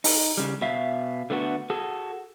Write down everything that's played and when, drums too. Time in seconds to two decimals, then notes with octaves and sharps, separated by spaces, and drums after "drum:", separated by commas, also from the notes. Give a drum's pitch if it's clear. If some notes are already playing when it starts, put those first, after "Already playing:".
0.04 D#4, drum: open hi-hat
0.37 C#3 G3
0.62 B2 E5 F5
1.30 D3 A3 B3 F#4
1.70 F#4 G#4 A4